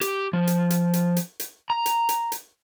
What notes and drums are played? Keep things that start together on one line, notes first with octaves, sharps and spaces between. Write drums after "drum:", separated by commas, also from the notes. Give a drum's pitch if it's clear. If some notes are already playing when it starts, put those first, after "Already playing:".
G4, drum: hi-hat
F3
drum: hi-hat
drum: hi-hat
drum: hi-hat
drum: hi-hat
drum: hi-hat
A#5
drum: hi-hat
drum: hi-hat
drum: hi-hat